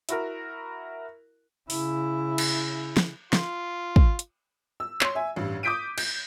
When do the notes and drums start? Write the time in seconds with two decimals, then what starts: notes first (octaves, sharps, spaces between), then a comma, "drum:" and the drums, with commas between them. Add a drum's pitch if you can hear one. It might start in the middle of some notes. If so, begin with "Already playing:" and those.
0.09 E4 F#4 A#4, drum: hi-hat
1.70 C#3 E4, drum: open hi-hat
2.38 drum: cymbal
2.97 drum: snare
3.33 F4, drum: snare
3.96 drum: kick
4.19 drum: hi-hat
4.80 E6
5.01 C#5 C6, drum: clap
5.15 E5 G#5
5.36 A1 G2
5.63 D6 D#6 G6 B6 D7 D#7
5.98 G6, drum: cymbal